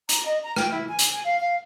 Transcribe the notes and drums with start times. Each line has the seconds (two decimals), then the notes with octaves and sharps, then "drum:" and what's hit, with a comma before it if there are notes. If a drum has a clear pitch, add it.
0.09 A#5, drum: hi-hat
0.26 D#5
0.43 A#5
0.56 G5, drum: rim click
0.71 E4
0.88 G#5
0.99 drum: hi-hat
1.12 G#5
1.24 F5
1.40 F5